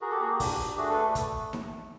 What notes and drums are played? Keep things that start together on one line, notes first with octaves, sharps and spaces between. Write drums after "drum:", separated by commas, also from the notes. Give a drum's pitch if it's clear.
F#4 G#4 A#4
G4 A4
A#3 F#4 G#4
G4
D4, drum: kick, open hi-hat
D4
A3 F#4 G#4
A4 B4
drum: kick, hi-hat
drum: snare D#4